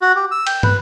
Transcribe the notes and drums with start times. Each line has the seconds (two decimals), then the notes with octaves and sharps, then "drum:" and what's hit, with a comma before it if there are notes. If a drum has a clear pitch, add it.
0.01 F#4
0.16 G4
0.31 E6
0.47 G5, drum: cymbal
0.63 B4, drum: tom